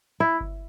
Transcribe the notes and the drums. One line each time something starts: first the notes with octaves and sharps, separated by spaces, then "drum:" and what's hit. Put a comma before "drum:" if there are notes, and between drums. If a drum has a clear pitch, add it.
E4
drum: kick G1